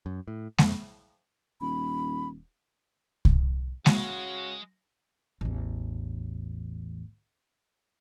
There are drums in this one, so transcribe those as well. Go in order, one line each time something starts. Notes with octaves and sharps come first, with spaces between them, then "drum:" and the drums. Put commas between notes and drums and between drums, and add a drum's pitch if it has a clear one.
F#2
A2
F2, drum: snare G#3
D#1 B5
drum: kick C2
C#3 G#3 C#4 F#4, drum: snare G#3
A1 E2